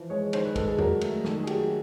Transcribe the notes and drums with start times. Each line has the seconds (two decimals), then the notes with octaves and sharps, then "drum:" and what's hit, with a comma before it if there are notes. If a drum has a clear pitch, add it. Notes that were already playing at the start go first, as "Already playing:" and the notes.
Already playing: E3 F3
0.10 G#3 C#5
0.33 D#3 C5, drum: cymbal
0.45 B4
0.56 G#3 A4, drum: kick, cymbal
0.67 G#4
0.78 F#3 A#4, drum: tom E2
1.01 A3, drum: cymbal
1.24 D#3 A4, drum: snare
1.43 G#4
1.47 F#3 G4, drum: cymbal